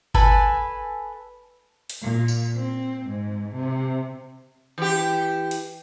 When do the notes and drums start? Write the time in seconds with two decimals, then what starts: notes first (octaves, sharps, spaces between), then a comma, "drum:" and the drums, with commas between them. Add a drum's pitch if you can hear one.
0.14 A4 B4 G#5, drum: kick G1
1.90 drum: hi-hat
2.03 A#2
2.28 drum: tambourine
2.55 C4
3.06 G#2
3.55 C3
4.78 E3 G4
5.51 drum: hi-hat